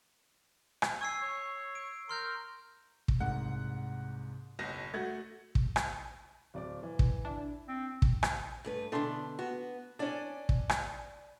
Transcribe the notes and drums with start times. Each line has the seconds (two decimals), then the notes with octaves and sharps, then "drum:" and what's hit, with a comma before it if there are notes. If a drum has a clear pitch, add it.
0.82 drum: rim click
1.01 G#5 C#6 E6 C7
1.22 C#5
1.75 D7
2.09 A#4 C6 F6 G6
3.08 drum: kick
3.20 C2 G#2 F#5
4.59 F#1 B1 A#6
4.93 A3 F#4 G#6 A6
5.55 drum: kick
5.76 drum: rim click
6.54 D1 D5 D6
6.83 E3
6.99 drum: kick
7.25 D4 E4
7.68 C4
8.02 drum: kick
8.23 drum: rim click
8.65 G2 A3 B4
8.92 B2 D3 A3 D4 C6
9.39 B3 F#4
9.99 C#4 D4 D5 G#5
10.49 drum: kick
10.69 drum: rim click